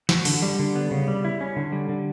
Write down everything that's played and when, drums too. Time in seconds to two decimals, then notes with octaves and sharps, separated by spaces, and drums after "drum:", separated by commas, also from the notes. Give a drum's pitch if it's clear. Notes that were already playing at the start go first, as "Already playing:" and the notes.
0.09 F#4, drum: snare
0.25 D3, drum: open hi-hat
0.42 G3
0.59 D3
0.75 B3
0.91 C#3
1.08 G3
1.25 E4
1.41 C#4
1.56 D3
1.72 G3
1.89 D3